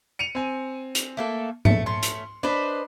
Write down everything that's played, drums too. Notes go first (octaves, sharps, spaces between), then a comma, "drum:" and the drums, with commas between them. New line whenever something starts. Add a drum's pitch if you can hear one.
C#7 D#7 F7
C4 G#5
drum: hi-hat
A3 A#3 A4
A3 C#7, drum: tom G#2
A3 C#4 C6
drum: hi-hat
D4 B4 C5 D#5